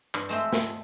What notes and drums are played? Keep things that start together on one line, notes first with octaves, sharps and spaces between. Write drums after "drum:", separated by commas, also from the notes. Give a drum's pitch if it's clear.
G2, drum: clap
G#3 A3 C4 C5 E5
drum: snare